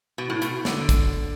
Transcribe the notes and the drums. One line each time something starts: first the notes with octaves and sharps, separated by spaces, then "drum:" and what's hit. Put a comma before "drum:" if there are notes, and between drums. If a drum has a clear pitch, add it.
B2
A2
B2, drum: hi-hat
D3, drum: snare
drum: kick, hi-hat